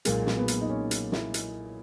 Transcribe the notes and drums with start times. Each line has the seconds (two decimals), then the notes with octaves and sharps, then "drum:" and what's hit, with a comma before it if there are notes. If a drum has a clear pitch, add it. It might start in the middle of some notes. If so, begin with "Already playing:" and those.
0.05 B1 A#2 G#3 A#3, drum: hi-hat
0.26 drum: snare
0.37 B3
0.48 drum: hi-hat
0.61 D#4
0.69 C#4
0.91 drum: hi-hat
1.12 E4, drum: snare
1.34 drum: hi-hat